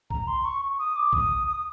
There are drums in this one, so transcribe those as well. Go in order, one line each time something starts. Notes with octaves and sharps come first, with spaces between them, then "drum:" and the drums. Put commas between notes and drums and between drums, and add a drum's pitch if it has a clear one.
A#5, drum: kick B1
C6
C#6
D#6
D6
D#6, drum: kick B1
D#6